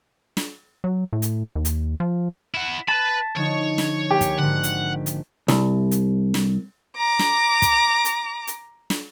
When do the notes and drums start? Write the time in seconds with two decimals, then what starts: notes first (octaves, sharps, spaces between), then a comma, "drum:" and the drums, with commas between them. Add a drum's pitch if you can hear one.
0.37 drum: snare
0.84 F#3
1.13 A2
1.22 drum: hi-hat
1.55 D#2
1.65 drum: hi-hat
2.00 F3
2.54 E4 F#5
2.88 B4 A5 B5
3.36 D3 F3 D#4 C#5
3.78 drum: snare
4.11 A#3 G4 G#4
4.21 drum: kick, hi-hat
4.38 G#1 D3 F#5
4.63 drum: hi-hat
5.06 drum: hi-hat
5.48 C2, drum: snare
5.91 drum: hi-hat
6.34 drum: snare
6.98 A#5 D6
7.19 drum: snare
7.62 drum: kick, hi-hat
8.05 drum: hi-hat
8.47 drum: hi-hat
8.90 drum: snare